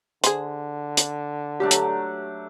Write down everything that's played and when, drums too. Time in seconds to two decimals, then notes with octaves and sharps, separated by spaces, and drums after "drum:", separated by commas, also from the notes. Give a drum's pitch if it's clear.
0.24 D3 G#4 C5, drum: hi-hat
0.97 drum: hi-hat
1.60 F#3 A3 D4 G4
1.71 drum: hi-hat